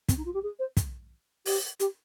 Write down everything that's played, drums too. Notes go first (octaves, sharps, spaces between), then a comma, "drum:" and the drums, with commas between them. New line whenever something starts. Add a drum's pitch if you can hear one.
C4, drum: kick, hi-hat
D#4
F4
G4
G#4
C5
drum: kick, hi-hat
G4, drum: open hi-hat
G4, drum: hi-hat